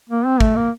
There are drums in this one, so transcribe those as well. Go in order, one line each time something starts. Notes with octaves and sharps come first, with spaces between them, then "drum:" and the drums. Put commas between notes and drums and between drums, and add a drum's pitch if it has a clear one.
A#3
C4
A3, drum: kick
A#3